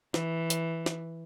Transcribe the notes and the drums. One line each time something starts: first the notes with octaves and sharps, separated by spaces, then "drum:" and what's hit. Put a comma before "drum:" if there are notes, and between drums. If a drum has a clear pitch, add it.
E3, drum: snare
drum: hi-hat
drum: snare